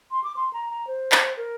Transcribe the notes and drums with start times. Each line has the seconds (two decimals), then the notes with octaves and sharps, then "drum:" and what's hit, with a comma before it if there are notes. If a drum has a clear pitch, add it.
0.11 C6
0.24 D6
0.36 C6
0.53 A#5
0.70 A#5
0.87 C5
1.12 drum: clap
1.37 A#4